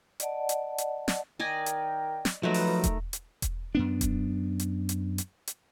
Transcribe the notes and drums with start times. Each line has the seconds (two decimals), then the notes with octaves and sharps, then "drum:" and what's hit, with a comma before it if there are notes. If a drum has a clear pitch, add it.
0.20 D5 D#5 F#5 A5, drum: hi-hat
0.49 drum: hi-hat
0.78 drum: hi-hat
1.08 drum: snare
1.39 D#3 A#4 D5 D#5 G5 G#5
1.66 drum: hi-hat
2.25 drum: snare
2.43 F3 F#3 A3 D#4 A#4 B4
2.54 drum: open hi-hat
2.84 drum: kick E1, hi-hat
3.13 drum: hi-hat
3.42 drum: kick E1, hi-hat
3.75 F#2 B3 D4
4.01 drum: kick E1, hi-hat
4.60 drum: hi-hat
4.89 drum: hi-hat
5.18 drum: hi-hat
5.47 drum: hi-hat